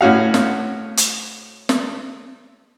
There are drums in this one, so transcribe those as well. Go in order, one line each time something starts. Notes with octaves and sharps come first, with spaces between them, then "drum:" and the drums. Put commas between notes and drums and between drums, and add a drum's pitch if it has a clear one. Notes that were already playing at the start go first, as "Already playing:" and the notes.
A2 C#4 F#4 F5
drum: snare
drum: hi-hat
drum: snare